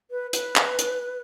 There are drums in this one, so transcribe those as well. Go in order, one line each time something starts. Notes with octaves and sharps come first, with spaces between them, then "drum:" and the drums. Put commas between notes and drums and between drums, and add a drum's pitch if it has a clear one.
B4
B4, drum: hi-hat
drum: clap
drum: hi-hat